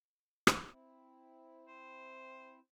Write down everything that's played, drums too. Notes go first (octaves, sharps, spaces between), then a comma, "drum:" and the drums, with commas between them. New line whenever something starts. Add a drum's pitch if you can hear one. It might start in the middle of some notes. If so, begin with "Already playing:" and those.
drum: rim click
C4 E4
C5